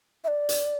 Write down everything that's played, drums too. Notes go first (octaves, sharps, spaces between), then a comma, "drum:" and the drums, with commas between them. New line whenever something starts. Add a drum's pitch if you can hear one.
E5
D5
drum: hi-hat